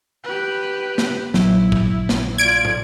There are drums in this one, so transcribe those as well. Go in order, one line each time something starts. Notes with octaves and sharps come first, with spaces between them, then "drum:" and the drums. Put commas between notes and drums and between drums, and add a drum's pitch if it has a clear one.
G4 B4
drum: snare
A#1 F#3 E4, drum: snare
drum: kick
drum: snare
F4 D5 G#6 D7
drum: tom